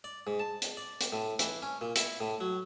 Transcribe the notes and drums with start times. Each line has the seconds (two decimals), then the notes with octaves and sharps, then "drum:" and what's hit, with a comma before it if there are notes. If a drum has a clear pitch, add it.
0.04 D5
0.27 G#2
0.39 A5
0.62 drum: hi-hat
0.77 D5
1.01 drum: hi-hat
1.13 A2
1.39 E3, drum: hi-hat
1.62 C#4
1.81 A#2
1.96 E4, drum: hi-hat
2.21 A2
2.41 F#3